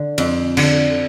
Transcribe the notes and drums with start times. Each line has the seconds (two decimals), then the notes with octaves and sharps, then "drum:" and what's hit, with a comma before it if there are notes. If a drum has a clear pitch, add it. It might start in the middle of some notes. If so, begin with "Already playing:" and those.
Already playing: D3
0.18 F2, drum: cymbal
0.57 D3, drum: cymbal